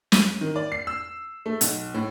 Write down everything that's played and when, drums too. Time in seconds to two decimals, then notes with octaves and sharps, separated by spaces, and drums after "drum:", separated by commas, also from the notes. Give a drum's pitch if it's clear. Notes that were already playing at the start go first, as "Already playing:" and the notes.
0.12 D#7, drum: snare
0.41 D#3
0.56 D5
0.72 C7
0.87 E6
1.46 A3
1.61 B1, drum: hi-hat
1.94 A2